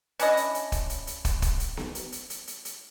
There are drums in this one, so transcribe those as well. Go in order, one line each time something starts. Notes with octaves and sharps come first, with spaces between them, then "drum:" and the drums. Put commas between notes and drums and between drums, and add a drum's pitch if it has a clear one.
C#4 D4 E4 D#5, drum: hi-hat
drum: hi-hat
drum: hi-hat
drum: kick, hi-hat
drum: hi-hat
drum: hi-hat
drum: kick, hi-hat
drum: kick, hi-hat
drum: hi-hat
drum: snare B3
drum: hi-hat
drum: hi-hat
drum: hi-hat
drum: hi-hat
drum: hi-hat